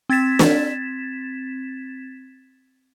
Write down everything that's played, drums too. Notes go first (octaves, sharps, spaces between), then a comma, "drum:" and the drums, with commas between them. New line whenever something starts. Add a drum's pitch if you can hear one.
C4 G#6 A6 B6 E7
drum: snare